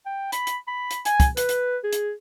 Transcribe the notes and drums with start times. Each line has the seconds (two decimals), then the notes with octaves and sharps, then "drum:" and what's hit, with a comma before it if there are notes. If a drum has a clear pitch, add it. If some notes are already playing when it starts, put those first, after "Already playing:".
0.06 G5
0.32 B5, drum: hi-hat
0.47 drum: hi-hat
0.67 B5
0.91 drum: hi-hat
1.05 G#5, drum: hi-hat
1.20 drum: kick, hi-hat
1.37 B4, drum: hi-hat
1.49 drum: hi-hat
1.83 G#4
1.93 drum: hi-hat